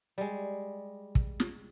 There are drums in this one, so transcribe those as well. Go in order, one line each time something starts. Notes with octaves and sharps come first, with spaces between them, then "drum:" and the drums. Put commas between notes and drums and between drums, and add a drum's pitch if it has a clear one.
G3 G#3
drum: kick
drum: snare